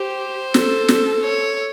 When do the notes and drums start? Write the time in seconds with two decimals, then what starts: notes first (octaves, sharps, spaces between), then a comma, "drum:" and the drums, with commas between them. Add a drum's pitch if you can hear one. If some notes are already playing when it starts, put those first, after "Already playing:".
Already playing: G4 C5
0.54 A4, drum: snare
0.88 drum: snare
1.23 C#5